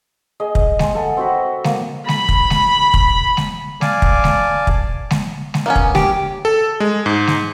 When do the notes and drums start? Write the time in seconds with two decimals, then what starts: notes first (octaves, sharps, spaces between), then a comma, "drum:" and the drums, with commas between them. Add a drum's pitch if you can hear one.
0.40 G#4 D#5
0.55 drum: kick
0.79 G#5 C6, drum: snare
0.95 A4 F#5
1.17 C4 F#4 B5
1.64 A#3, drum: snare
2.08 B5, drum: snare
2.29 drum: kick
2.50 drum: snare
2.94 drum: kick
3.37 drum: snare
3.81 D5 F5 G#5 A5 D6, drum: snare
4.02 drum: kick
4.24 drum: snare
4.67 drum: kick
5.11 drum: snare
5.54 drum: snare
5.66 A#3 B3 C#4
5.76 drum: kick
5.95 G4, drum: snare
6.45 A4
6.80 G#3
7.06 G#2
7.27 drum: snare